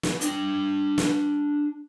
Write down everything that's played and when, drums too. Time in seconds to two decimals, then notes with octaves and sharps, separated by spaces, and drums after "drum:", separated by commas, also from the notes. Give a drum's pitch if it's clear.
0.03 drum: snare
0.21 D4 G5, drum: hi-hat
0.98 drum: snare